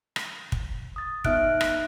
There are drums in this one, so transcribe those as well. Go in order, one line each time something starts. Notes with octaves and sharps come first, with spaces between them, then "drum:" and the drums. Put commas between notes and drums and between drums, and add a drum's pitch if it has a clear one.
drum: rim click
drum: kick
D#6 A6
B3 D#4 E5 F6 F#6 D7, drum: kick
drum: rim click